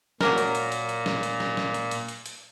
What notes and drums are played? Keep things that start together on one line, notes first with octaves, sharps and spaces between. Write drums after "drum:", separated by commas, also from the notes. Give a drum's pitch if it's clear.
A#2 F#3 A#3 A#4, drum: snare
drum: hi-hat
drum: hi-hat
drum: hi-hat
drum: hi-hat
drum: snare
drum: hi-hat
drum: snare
drum: snare
drum: hi-hat
drum: hi-hat
drum: hi-hat
drum: hi-hat